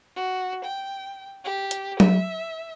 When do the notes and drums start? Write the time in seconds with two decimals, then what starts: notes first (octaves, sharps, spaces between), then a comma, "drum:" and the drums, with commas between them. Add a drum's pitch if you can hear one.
0.16 F#4
0.65 G5
1.44 G4
1.71 drum: hi-hat
2.00 E5, drum: tom F#3